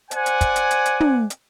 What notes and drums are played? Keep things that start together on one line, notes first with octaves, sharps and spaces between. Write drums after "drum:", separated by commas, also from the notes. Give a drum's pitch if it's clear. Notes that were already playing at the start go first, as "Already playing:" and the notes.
C5 D5 F#5 G#5, drum: hi-hat
drum: hi-hat
drum: kick, hi-hat
drum: hi-hat
drum: hi-hat
drum: hi-hat
drum: tom
drum: hi-hat